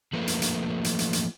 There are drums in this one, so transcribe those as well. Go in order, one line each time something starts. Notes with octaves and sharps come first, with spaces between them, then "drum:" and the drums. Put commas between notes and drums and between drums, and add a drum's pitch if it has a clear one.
F3 A3 A#3 B4
drum: hi-hat
drum: hi-hat
drum: hi-hat
drum: hi-hat
drum: hi-hat